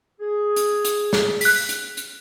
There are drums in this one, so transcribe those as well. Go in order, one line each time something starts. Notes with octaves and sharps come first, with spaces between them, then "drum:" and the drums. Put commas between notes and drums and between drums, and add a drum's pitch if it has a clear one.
G#4
drum: hi-hat
drum: hi-hat
drum: snare
F#6 B6, drum: open hi-hat
drum: hi-hat
drum: hi-hat